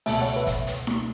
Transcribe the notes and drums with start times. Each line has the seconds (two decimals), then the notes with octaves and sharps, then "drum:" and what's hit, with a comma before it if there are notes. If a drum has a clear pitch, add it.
0.06 C#2 B2 A3 E5 A5, drum: open hi-hat
0.21 C#5 F#5
0.36 B4 E5
0.47 drum: kick, hi-hat
0.67 drum: hi-hat
0.87 drum: snare D#4